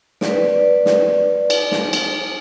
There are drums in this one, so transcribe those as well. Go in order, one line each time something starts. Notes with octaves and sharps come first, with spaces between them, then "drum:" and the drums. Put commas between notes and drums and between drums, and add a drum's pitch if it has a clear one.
B4 D5, drum: snare
drum: snare
drum: cymbal
drum: snare
drum: cymbal